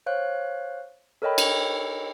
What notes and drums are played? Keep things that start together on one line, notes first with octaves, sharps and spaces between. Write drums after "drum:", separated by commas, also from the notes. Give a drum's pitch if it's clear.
C5 C#5 F5 F#6
A4 A#4 C#5 D#5 G5 B5
drum: cymbal